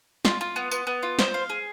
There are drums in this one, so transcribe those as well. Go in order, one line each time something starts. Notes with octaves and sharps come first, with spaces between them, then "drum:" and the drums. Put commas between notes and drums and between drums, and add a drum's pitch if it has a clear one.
F4, drum: snare
F4
B3
B3, drum: tambourine
B3
F4
C5, drum: snare
F5
G#4